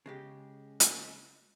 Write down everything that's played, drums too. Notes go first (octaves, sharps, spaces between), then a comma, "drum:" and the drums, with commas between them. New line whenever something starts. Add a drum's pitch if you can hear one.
C#3 G#3 G4
drum: hi-hat